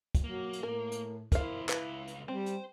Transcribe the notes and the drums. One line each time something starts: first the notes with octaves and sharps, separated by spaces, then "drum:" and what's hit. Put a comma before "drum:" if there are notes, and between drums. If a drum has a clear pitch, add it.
drum: kick, hi-hat
F#3 A#3
drum: hi-hat
A2 A#4
drum: hi-hat
E2 E4 A#4 C5 F5, drum: kick, hi-hat
C#2 B4 F5, drum: clap
drum: hi-hat
G3 C4 C5
drum: hi-hat